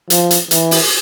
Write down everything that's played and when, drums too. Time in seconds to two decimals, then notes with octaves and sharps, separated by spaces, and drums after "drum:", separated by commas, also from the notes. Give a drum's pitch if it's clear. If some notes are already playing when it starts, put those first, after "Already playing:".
0.10 F3, drum: hi-hat
0.31 drum: hi-hat
0.51 E3, drum: hi-hat
0.71 drum: open hi-hat